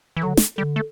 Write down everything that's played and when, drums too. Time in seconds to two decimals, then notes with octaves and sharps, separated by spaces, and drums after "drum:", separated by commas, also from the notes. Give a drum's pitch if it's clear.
0.17 E3
0.23 D3 F#3
0.37 drum: snare
0.58 D3 G3
0.76 A3